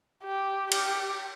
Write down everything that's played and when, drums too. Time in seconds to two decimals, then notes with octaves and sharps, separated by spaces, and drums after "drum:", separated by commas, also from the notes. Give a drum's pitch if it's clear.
0.23 G4
0.72 G4, drum: cymbal